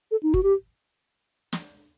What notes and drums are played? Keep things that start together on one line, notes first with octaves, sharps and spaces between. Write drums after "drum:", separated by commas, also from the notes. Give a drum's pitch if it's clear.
A4
D#4
F#4, drum: kick
G4
drum: snare